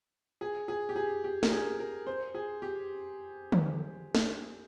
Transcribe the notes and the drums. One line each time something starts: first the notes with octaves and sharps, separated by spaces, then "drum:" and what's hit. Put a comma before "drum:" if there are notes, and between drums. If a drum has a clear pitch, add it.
G#4
G#4
G4
G#4
G4
A#4, drum: snare
G#4
A#4
C5
G#4
G4
drum: tom
drum: snare